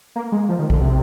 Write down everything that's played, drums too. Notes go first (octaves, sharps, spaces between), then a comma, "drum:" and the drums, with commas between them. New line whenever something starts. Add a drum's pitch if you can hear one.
A#3
G#3
F3
D#3
D3, drum: kick B1
C3